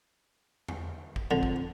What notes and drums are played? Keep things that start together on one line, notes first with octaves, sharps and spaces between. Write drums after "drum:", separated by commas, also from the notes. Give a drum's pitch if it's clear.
drum: tom E2
drum: kick G#1
F2 D3
drum: kick G#1